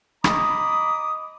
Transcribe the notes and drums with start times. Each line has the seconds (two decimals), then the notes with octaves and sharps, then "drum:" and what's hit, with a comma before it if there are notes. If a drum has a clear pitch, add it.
0.24 D#5 A#5 B5 D6 D#6, drum: rim click